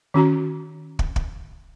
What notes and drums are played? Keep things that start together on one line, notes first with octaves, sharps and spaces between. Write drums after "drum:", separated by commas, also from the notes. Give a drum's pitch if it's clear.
D#3 C#4 F#4 A#5
drum: kick
drum: kick